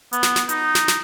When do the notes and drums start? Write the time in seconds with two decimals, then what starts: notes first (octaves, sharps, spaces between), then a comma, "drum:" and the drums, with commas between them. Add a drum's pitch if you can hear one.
0.13 B3, drum: hi-hat
0.23 drum: snare
0.36 drum: snare
0.49 D#4, drum: hi-hat
0.75 drum: snare
0.88 drum: snare